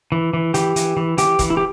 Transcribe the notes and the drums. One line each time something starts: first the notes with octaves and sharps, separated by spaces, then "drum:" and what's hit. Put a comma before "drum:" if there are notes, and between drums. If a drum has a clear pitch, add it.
E3
E3
E3 G4, drum: hi-hat
E3, drum: hi-hat
E3
E3 G4, drum: hi-hat
E3, drum: kick, hi-hat
E4
G4